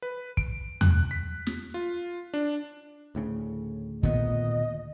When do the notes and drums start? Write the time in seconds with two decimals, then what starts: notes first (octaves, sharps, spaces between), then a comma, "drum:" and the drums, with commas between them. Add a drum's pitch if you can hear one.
0.02 B4
0.37 D7, drum: kick
0.81 F#6, drum: tom E2
1.11 B6
1.47 drum: snare
1.74 F4
2.34 D4
3.15 D2 A2 C#3
4.03 A#2 D#3 B3 D#5, drum: kick